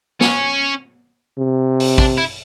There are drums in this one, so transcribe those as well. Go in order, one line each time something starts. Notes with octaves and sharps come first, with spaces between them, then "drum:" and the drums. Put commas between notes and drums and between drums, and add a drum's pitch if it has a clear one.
C#4, drum: snare
C3
drum: open hi-hat
D4, drum: kick
E4